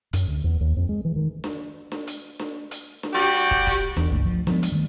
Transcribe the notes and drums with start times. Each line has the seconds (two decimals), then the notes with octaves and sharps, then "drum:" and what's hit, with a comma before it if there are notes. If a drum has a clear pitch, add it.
0.13 F#2, drum: hi-hat
0.28 D2
0.44 E2
0.61 D#2
0.77 F2
0.89 G#3
1.05 E3
1.16 D#3
1.44 drum: snare D4
1.92 drum: snare D4
2.08 drum: hi-hat
2.39 drum: snare D4
2.71 drum: hi-hat
3.03 drum: snare D4
3.13 G3 F#4 G4
3.35 drum: hi-hat
3.51 drum: kick
3.67 drum: kick, hi-hat
3.97 E2, drum: snare D4
4.11 G1 C#2 A3
4.25 F3
4.47 F3 G3 G#3 B3, drum: snare D4
4.63 drum: hi-hat
4.72 D#3 G3 A3